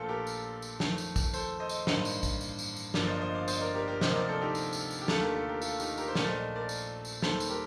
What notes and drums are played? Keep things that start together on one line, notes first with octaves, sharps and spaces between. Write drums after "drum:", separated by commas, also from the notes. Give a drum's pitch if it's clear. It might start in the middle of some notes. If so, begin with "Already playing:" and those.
Already playing: A#1 A#2 A3 F4 A4
G4 A#4
drum: tambourine
drum: tambourine
F2 D#3 A3, drum: snare
drum: tambourine
drum: kick, tambourine
A4 C5, drum: tambourine
C5 D#5
drum: tambourine
A1 G2 D#3 G3 A#3 C5 D#5, drum: snare
drum: tambourine
drum: kick, tambourine
drum: tambourine
drum: tambourine
drum: tambourine
G1 G2 D3 F3 A#3 A#4 D5, drum: snare
C5 D#5
C5 D#5
D5 F5
C5 D#5, drum: tambourine
A#4 D5
G4 A#4
G4 A#4
D2 C3 F3 A#3 C5 D#5, drum: snare
A#4 D5
A4 C5
D#4 G4
drum: tambourine
drum: tambourine
drum: tambourine
G4
D#2 D3 A3 F4 A4, drum: snare
G4 A#4
F4 A4
G4 A#4
F4 A4, drum: tambourine
D#4 G4, drum: tambourine
G4 A#4, drum: tambourine
C5
A#1 A#2 A3 A#4 D5, drum: snare
C5 D#5
A#4 D5
drum: tambourine
drum: tambourine
D#2 D#3 G3 A4 C5, drum: snare
drum: tambourine
G4 A#4